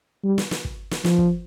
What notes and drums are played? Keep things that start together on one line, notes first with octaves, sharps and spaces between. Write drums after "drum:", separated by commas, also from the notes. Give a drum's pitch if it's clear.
G3
drum: snare
drum: snare
drum: kick
drum: snare
F3, drum: snare
drum: kick